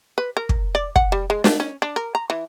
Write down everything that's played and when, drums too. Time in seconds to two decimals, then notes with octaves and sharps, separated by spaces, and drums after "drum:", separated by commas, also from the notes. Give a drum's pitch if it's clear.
0.18 B4
0.37 A#4
0.49 drum: kick
0.75 D5
0.96 F#5, drum: kick
1.12 G3
1.30 G#3
1.44 D4, drum: snare
1.60 C#4
1.82 D4
1.96 A#4
2.15 A#5
2.30 E3